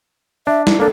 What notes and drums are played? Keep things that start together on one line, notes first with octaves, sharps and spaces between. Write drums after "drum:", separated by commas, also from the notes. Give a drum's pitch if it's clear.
D4 E5
E4, drum: snare
A#3 D4 A4